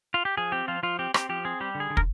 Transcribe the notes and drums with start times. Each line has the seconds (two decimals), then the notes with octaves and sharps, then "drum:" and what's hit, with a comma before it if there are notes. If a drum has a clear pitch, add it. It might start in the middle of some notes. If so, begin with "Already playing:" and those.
0.14 F4
0.25 G4
0.37 F3 G#4
0.52 C4 G4
0.68 F3 F4
0.83 F3 F4
0.99 C4 G4
1.14 C4 G4, drum: rim click
1.29 F3 G4
1.45 C4 G#4
1.60 G3 G4
1.75 D3
1.80 G#4
1.90 D3
1.97 A#4, drum: kick